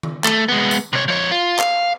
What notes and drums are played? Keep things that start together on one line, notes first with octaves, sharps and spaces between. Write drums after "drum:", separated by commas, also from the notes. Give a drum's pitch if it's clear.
drum: tom D#3
A3, drum: clap
G#3 B3
drum: tambourine
C3 C#5
F3 C#5
F4
F5, drum: clap